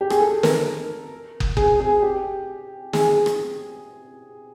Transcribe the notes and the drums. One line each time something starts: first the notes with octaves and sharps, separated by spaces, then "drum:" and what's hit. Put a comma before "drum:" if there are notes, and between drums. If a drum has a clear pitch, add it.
G4
G#4, drum: rim click
A4
A#4, drum: snare
drum: kick
G#4, drum: kick
G#4
G4
G#4, drum: snare
G#4
drum: rim click